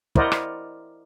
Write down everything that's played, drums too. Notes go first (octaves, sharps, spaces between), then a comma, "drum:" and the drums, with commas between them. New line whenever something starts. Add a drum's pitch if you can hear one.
E4 A#4 C5 D5 D#5 F#5, drum: kick
drum: rim click